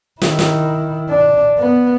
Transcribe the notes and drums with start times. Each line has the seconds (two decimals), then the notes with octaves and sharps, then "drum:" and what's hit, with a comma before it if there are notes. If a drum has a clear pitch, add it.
0.22 D#3 E4, drum: snare
0.39 drum: snare
1.09 D4
1.59 B3